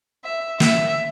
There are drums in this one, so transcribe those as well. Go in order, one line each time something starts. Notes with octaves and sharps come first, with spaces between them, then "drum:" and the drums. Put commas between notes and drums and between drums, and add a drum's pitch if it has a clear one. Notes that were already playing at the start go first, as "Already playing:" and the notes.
E5
E5, drum: snare